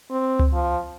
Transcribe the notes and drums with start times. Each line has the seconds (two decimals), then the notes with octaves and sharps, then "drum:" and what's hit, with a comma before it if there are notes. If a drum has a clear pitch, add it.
0.10 C4
0.39 drum: tom C#2
0.53 F3